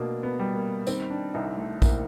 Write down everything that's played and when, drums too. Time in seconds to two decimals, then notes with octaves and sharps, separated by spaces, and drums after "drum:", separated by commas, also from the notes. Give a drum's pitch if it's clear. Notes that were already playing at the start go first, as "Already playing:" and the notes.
Already playing: B2 A3 A#3 D4
0.23 B3
0.39 G3
0.55 A#3
0.87 D#3 C4, drum: tambourine
1.10 D4
1.34 C2 D#4
1.57 A3
1.82 C2 A#3, drum: kick A#1, tambourine